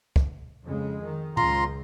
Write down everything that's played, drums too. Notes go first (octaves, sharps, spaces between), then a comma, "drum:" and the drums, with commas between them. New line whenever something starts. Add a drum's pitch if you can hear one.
drum: kick
F2 C#3 G#3
D#3
C#2 F4 A#5 C6, drum: tom